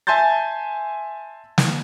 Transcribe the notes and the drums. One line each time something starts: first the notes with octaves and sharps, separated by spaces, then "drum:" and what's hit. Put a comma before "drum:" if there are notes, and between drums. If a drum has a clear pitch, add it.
E5 G#5 A5 C6 G6 A6
drum: snare